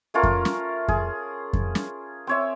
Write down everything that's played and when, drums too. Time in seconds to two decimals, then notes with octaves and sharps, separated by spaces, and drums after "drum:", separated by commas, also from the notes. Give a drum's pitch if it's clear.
0.14 A3 C#4 F4 A#4
0.23 drum: kick F2
0.45 drum: snare
0.88 G#4, drum: kick F2
1.53 drum: kick F2
1.75 drum: snare
2.27 C4 C#5 E5